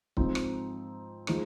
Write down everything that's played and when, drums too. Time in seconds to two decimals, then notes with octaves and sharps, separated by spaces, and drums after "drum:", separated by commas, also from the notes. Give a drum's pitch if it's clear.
0.17 G#2 F3 C4 D#4, drum: kick C#1
0.35 drum: rim click
1.27 F3 G#3 D#4 C5, drum: rim click